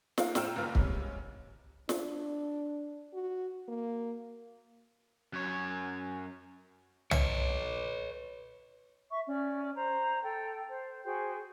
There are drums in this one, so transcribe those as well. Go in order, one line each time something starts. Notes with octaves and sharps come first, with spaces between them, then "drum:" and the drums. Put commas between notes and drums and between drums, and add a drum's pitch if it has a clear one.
A#3 C4 D#4 F4 F5 F#5, drum: snare
A2 G5 A#5 E6 F6 E7, drum: snare
F#1 D#2 G#2 A#3 B4 F6
C3 G3 G#3 C#4, drum: kick
D4, drum: snare
F#4
A#3
F#2 C#5
B4 C#5, drum: tom
E5 C#6
C#4 D5
C5 A#5
A4 G5
C5
F#4 G#4 C5 G5